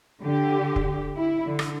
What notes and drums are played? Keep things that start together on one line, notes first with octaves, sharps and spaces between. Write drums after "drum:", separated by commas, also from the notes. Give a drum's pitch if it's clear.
D3 G4
drum: kick
E4
D3
drum: rim click